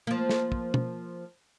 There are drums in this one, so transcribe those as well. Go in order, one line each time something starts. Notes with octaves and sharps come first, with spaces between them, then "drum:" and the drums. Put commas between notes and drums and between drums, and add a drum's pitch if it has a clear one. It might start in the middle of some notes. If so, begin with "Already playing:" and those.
F3 A#3
drum: snare
drum: kick
drum: tom